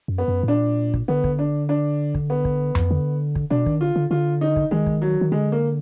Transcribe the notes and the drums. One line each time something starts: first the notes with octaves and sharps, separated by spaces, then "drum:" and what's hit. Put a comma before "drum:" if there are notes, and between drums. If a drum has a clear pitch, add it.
F#2
B3
F#2
G#2
A#2 D4
drum: kick
D3 B3
drum: kick
D4
D4
drum: kick
B3
drum: kick
drum: tom F2
D3
drum: kick
B2 D4
D#3, drum: kick
D3 F4
D3
D3 F4
D#4
drum: kick
D#3 G#3
drum: kick
F#3
D#3
D3 G#3
A#3